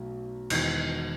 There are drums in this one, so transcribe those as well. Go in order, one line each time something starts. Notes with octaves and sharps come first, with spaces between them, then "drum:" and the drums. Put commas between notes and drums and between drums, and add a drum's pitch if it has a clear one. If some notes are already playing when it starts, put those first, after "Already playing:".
Already playing: B1 B2 A3
E1 E2 D#3, drum: cymbal